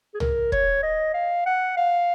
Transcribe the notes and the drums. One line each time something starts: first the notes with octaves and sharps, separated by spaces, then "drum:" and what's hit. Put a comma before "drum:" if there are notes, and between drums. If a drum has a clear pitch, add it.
G#4
A#4, drum: tom
C#5, drum: kick
D#5
F5
F#5
F5